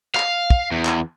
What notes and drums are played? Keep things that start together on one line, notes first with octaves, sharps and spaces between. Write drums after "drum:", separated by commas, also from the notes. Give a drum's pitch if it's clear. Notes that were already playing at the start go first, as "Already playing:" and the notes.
F5, drum: clap
drum: kick
E2
drum: clap